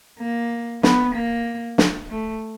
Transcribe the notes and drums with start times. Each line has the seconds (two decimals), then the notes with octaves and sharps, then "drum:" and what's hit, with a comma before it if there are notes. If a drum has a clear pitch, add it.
0.20 A#3
0.83 B3, drum: snare
1.15 A#3
1.78 drum: snare
2.10 A3